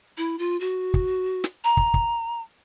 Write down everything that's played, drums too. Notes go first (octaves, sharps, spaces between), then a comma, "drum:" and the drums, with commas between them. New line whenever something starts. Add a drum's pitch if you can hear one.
E4
F4
F#4
drum: kick
drum: snare
A#5
drum: kick
drum: kick